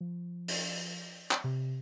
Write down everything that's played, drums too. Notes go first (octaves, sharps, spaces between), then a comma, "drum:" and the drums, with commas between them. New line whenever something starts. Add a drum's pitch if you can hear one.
F3
drum: open hi-hat
drum: clap
C3